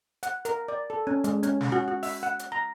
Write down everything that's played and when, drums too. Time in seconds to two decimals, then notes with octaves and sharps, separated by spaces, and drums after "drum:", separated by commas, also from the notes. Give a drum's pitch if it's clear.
0.23 F#5, drum: hi-hat
0.45 A#4, drum: hi-hat
0.68 D5
0.90 A4
1.07 C#4
1.24 G#3, drum: hi-hat
1.43 C#4, drum: hi-hat
1.61 drum: snare
1.72 F#4
1.88 F#4
2.03 E5, drum: open hi-hat
2.23 F#5
2.39 drum: hi-hat
2.52 A#5